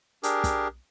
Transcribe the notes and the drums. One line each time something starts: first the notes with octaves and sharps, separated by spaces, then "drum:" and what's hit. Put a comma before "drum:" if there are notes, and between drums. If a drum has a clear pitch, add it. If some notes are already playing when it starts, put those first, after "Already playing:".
D4 G4 G#4 A#4, drum: hi-hat
drum: kick, hi-hat